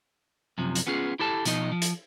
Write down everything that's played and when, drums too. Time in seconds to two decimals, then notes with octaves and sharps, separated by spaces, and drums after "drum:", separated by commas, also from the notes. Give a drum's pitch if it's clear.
0.58 F#2 C3 F3
0.75 drum: hi-hat
0.87 B3 C#4 F4 G#4
1.19 E4 G4 A4 A5
1.45 B2 F3 D#4 D#5, drum: hi-hat
1.72 F3
1.82 drum: hi-hat